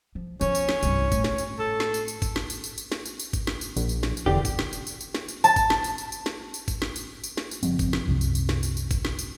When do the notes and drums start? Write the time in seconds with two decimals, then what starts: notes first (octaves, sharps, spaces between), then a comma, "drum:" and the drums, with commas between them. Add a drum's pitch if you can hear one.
0.15 F3
0.41 F3 B3 C#4, drum: tambourine
0.55 drum: tambourine
0.69 drum: snare
0.83 C2 G2, drum: tambourine
1.12 A2, drum: kick, tambourine
1.24 drum: snare
1.38 drum: tambourine
1.59 A4
1.80 drum: snare
1.94 drum: tambourine
2.08 drum: tambourine
2.22 drum: kick, tambourine
2.36 drum: snare
2.50 drum: tambourine
2.64 drum: tambourine
2.78 drum: tambourine
2.92 drum: snare
3.06 drum: tambourine
3.19 drum: tambourine
3.33 drum: kick, tambourine
3.47 drum: snare
3.61 drum: tambourine
3.76 A#1, drum: tambourine
3.89 drum: tambourine
4.03 drum: snare
4.17 drum: tambourine
4.26 E1 D3 G4
4.45 drum: kick, tambourine
4.59 drum: snare
4.73 drum: tambourine
4.87 drum: tambourine
5.01 drum: tambourine
5.15 drum: snare
5.28 drum: tambourine
5.44 A5, drum: tambourine
5.56 drum: kick, tambourine
5.70 drum: snare
5.84 drum: tambourine
5.98 drum: tambourine
6.12 drum: tambourine
6.26 drum: snare
6.54 drum: tambourine
6.68 drum: kick, tambourine
6.82 drum: snare
6.96 drum: tambourine
7.24 drum: tambourine
7.37 drum: snare
7.51 drum: tambourine
7.63 F#1 F3 G3 C4, drum: tambourine
7.79 drum: kick, tambourine
7.93 drum: snare
8.07 C2 F#2 C3
8.21 drum: tambourine
8.35 drum: tambourine
8.49 drum: snare
8.63 drum: tambourine
8.77 drum: tambourine
8.91 drum: kick, tambourine
9.05 drum: snare
9.19 drum: tambourine